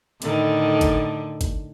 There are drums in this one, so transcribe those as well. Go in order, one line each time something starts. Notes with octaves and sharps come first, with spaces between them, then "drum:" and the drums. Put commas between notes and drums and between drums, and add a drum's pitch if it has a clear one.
A2 D3 D#3, drum: hi-hat
drum: kick, hi-hat
drum: kick, hi-hat